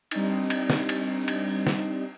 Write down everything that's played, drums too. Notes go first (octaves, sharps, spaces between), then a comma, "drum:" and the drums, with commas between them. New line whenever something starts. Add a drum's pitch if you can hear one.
G3 C4 D4 D#4, drum: cymbal
drum: cymbal
drum: snare
drum: cymbal
drum: cymbal
drum: snare